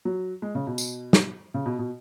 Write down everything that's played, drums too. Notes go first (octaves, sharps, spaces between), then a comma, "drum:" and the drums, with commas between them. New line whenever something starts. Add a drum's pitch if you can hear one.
F#3
G#3
C#3
B2
drum: tambourine
drum: snare
C#3
B2
B2